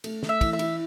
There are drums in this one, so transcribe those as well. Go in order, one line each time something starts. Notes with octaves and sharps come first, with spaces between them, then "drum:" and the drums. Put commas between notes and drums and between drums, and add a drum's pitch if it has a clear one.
A3, drum: cymbal
A3, drum: snare
E5
E3, drum: kick, cymbal
E5
E4, drum: cymbal